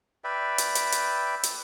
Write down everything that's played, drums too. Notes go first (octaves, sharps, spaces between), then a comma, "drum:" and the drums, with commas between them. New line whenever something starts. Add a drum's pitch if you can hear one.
B4 D5 E5 G5
drum: hi-hat
drum: hi-hat
drum: hi-hat
drum: hi-hat